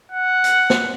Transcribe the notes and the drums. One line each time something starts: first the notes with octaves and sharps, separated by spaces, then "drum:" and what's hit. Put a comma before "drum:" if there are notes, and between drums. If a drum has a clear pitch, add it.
F#5
drum: hi-hat
drum: snare